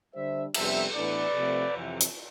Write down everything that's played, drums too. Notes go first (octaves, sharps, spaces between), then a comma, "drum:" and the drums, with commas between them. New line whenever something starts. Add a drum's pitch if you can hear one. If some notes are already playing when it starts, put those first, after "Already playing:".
D3 G3 D4 C5 E5
F2 C3 G3 B3 D4 C5 E5, drum: cymbal
A2 E3 B3 D4 B4 D5
C3 F3 A3 C4
F2 C3 E3
drum: hi-hat